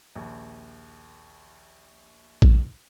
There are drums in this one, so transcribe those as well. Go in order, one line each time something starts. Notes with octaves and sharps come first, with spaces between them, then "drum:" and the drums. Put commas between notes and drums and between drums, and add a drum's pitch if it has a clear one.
A#1 D#2
drum: kick